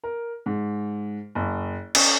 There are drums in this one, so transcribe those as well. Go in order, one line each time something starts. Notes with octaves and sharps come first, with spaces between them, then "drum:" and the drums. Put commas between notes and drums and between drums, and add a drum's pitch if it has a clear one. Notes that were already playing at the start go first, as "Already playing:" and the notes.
A#4
G#2
F#1
C#4, drum: cymbal